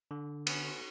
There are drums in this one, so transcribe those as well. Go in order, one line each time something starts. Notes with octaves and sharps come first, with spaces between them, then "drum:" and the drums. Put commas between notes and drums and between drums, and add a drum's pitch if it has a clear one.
D3
B3 C#4, drum: cymbal